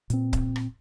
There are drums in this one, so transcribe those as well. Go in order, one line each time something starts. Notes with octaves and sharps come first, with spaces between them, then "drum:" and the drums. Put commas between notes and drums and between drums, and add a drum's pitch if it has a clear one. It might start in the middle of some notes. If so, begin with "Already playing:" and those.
A#2 C4, drum: hi-hat
drum: kick C#1, hi-hat
drum: rim click